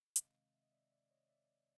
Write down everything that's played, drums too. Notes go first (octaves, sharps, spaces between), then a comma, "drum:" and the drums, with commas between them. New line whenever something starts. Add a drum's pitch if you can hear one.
C3 D#3 G#3 C4 D#5 F5, drum: hi-hat
E5
D#5
D5 E5
D5 E5
C#5 D#5
D5 E5